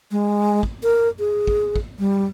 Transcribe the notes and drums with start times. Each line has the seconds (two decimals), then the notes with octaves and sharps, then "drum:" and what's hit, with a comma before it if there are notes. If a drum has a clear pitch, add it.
0.11 G#3
0.63 drum: kick
0.83 A#4
1.19 G#4
1.47 drum: kick
1.76 drum: kick
1.99 G3